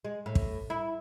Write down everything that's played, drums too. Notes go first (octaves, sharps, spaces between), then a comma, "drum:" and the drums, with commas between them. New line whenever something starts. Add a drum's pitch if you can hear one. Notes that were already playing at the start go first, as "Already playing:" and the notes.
G#3
A2
drum: kick
E4